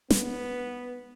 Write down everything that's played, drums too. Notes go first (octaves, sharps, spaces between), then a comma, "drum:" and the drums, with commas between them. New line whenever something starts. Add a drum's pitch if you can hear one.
B3, drum: snare